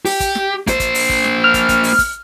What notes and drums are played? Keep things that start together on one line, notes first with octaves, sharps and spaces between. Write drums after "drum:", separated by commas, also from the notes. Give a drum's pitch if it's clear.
G4, drum: open hi-hat
drum: kick, hi-hat
drum: snare
A#3 C5, drum: kick, hi-hat
drum: kick, hi-hat
drum: open hi-hat
drum: kick
drum: snare
F6
drum: kick, hi-hat
drum: kick, hi-hat
drum: open hi-hat
drum: kick, hi-hat